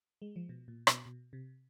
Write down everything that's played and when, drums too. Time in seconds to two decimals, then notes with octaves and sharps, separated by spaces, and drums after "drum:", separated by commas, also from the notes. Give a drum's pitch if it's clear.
0.22 G#3
0.36 F3
0.49 B2
0.68 A#2
0.87 B2, drum: rim click
1.06 B2
1.33 C3